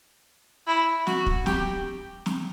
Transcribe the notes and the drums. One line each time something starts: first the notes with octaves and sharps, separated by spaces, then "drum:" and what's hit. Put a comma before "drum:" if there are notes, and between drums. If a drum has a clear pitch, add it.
E4
F#4, drum: snare
drum: kick
G4, drum: snare
drum: snare